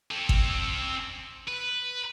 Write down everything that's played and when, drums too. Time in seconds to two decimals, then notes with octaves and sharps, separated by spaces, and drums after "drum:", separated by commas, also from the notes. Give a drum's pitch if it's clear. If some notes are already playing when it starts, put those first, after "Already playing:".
0.11 C4 A4
0.29 drum: kick G#1
1.48 B4